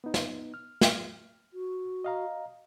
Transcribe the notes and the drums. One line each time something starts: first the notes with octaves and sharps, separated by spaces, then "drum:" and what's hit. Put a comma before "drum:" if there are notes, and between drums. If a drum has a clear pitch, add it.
B3 D#4
drum: snare
F6
drum: snare
F#4
D#5 F5 A#5